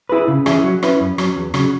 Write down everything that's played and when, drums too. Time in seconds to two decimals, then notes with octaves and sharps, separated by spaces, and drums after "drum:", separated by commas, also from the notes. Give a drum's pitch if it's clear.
0.09 E4 G#4 B4
0.28 C#3
0.46 E3 C#4 E4 G#4, drum: rim click
0.64 F#3
0.83 C#4 E4 B4, drum: rim click
1.01 F#2
1.18 F#3 C#4, drum: rim click
1.36 E2
1.54 C#3 F#3, drum: rim click